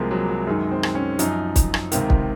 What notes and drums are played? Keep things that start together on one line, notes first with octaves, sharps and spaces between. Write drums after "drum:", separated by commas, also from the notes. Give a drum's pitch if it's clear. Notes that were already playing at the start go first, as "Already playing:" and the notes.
Already playing: C2 C3 F3 G#3 A#3
F#3
F#3
F#2 D#3 G#3
C4
drum: rim click
C#4
F#2 F3 D#4, drum: hi-hat
drum: kick, hi-hat
drum: rim click
C#2 C3 D#3, drum: hi-hat
drum: kick